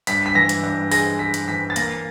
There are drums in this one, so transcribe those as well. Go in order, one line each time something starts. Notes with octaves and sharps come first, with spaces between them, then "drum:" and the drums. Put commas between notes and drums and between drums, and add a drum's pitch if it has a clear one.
G2 B6, drum: hi-hat
B6
E3 A#6
drum: hi-hat
G2
G#3 A#6, drum: open hi-hat
G#3 B6
drum: hi-hat
E3 B6
A6
A#3 A#6, drum: hi-hat